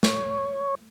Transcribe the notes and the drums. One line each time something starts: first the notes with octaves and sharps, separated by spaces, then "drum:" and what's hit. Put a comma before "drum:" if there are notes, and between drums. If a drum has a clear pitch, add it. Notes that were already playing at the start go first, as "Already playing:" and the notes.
C#5, drum: snare